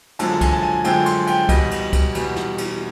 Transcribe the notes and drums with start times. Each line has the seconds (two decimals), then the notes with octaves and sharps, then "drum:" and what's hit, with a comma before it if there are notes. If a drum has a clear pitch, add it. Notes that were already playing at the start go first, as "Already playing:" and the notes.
0.19 F#2 D3 F3 G#3 A5, drum: cymbal
0.31 A5
0.41 G#5, drum: kick C2, cymbal
0.53 A5
0.63 G#5
0.84 F#2 D3 F3 G#3 G5, drum: cymbal
1.06 C6, drum: cymbal
1.27 G5, drum: cymbal
1.49 E2 B2 G3 D#5, drum: kick C2, cymbal
1.71 drum: cymbal
1.93 drum: kick C2, cymbal
2.15 E2 B2 G3, drum: cymbal
2.36 drum: snare
2.58 drum: cymbal